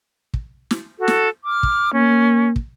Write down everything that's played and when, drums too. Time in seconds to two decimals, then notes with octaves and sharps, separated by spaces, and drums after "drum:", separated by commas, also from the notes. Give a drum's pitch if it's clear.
0.34 drum: kick
0.71 drum: snare
0.98 F#4 A4
1.08 drum: snare
1.45 D6 F6
1.63 drum: kick
1.94 A#3 C#4
2.56 drum: kick